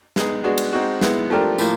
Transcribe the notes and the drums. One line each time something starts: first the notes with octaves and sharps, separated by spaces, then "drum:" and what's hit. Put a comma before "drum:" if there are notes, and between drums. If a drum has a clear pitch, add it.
G#3 B3 D#4 G#4, drum: snare
G#3 B3 D4 F#4
drum: cymbal
G#3 C4 D#4 F#4
G#3 B3 E4, drum: snare
F3 A3 D4 G4 A#4
A2 F3 A#3, drum: tambourine